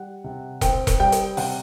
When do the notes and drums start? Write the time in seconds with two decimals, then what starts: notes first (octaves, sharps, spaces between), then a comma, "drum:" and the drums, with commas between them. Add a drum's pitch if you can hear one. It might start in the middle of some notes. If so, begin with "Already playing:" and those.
Already playing: G3 F#5
0.24 C3
0.61 C4 G5, drum: kick E1, hi-hat
0.87 drum: kick E1, hi-hat
1.00 G3 G5
1.12 drum: hi-hat
1.37 C3 F#5, drum: open hi-hat